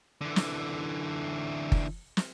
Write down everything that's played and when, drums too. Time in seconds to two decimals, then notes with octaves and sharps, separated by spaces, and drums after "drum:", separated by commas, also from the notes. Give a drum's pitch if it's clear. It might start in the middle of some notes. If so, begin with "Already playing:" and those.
0.21 D3 E3
0.36 drum: snare
1.72 drum: kick F#1
2.17 drum: snare